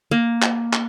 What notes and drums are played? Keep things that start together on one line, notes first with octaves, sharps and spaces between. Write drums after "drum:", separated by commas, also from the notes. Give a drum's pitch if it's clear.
A#3
drum: clap
drum: clap